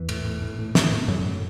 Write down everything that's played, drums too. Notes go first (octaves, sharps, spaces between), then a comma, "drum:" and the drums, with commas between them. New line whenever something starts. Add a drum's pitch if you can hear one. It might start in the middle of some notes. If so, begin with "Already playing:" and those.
Already playing: E2 E3
A2, drum: cymbal
A2
A2
A2
A2, drum: snare
A2
F#2 A2 F#3
A2